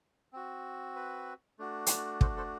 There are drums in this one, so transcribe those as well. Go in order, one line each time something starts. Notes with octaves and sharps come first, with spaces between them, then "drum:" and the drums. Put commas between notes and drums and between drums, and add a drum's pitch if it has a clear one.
C4 F#4
B4
A3 D4 F#4
drum: hi-hat
A4 C5, drum: kick
A4 C5